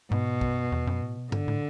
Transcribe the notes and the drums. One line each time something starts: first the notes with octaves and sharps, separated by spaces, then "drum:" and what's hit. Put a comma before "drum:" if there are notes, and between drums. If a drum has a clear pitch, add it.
G#2 B2
F#2, drum: kick
E2
F#2
A2
B2
D3, drum: tom G2
A2